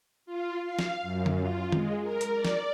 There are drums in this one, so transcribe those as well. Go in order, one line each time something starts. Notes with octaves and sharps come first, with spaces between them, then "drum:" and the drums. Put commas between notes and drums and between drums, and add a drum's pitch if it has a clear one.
F4
F5
drum: snare
F#2
drum: tom D3
F4
G#3, drum: tom D#3
A#4
drum: hi-hat
D5
drum: snare